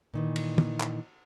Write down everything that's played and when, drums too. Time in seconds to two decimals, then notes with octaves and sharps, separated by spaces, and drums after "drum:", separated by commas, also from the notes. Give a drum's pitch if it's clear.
0.14 A#2 D#3 E3
0.36 drum: cymbal
0.58 drum: tom
0.80 drum: clap